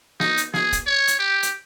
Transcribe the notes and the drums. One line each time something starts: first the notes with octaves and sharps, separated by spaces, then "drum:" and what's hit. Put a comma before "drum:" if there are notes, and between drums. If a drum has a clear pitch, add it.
D#4, drum: snare
drum: hi-hat
G#4, drum: snare
drum: kick, hi-hat
C#5
drum: hi-hat
G4
drum: hi-hat